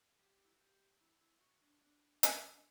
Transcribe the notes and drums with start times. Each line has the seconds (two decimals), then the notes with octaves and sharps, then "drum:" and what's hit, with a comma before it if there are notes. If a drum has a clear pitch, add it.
0.19 G4
0.45 E4
0.52 F#4
0.59 G4
1.00 E4
1.21 E4
1.41 F#4
1.61 D4
1.81 D4
2.23 drum: hi-hat
2.52 D4